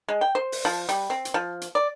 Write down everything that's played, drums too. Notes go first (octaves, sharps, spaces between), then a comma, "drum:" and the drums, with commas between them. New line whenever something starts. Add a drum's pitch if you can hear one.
G#3
G5
C5
drum: open hi-hat
F3
G3, drum: hi-hat
C4
drum: hi-hat
F3
drum: hi-hat
D5